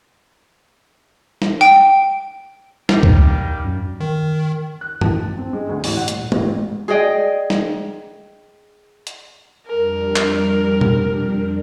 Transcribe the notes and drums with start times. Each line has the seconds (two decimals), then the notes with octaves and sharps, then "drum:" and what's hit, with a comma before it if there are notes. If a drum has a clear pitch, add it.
1.42 drum: snare
1.61 G5 D7
2.89 D#3 G3 A#3, drum: snare
3.03 drum: kick
3.64 F#2
4.00 D#3
4.81 F#6
5.01 A5, drum: tom
5.38 C4
5.53 G#3
5.69 D2
5.84 A1, drum: open hi-hat
5.96 F#5
6.08 D#1, drum: hi-hat
6.32 A1, drum: tom
6.88 G#4 D5 D#5 G5
7.50 drum: snare
9.07 drum: hi-hat
9.66 F2 G3 D4 A#4
10.16 drum: clap
10.81 drum: tom